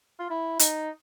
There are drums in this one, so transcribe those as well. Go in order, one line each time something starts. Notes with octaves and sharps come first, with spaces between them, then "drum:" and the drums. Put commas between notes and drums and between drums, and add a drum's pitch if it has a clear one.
F4
E4
D#4, drum: hi-hat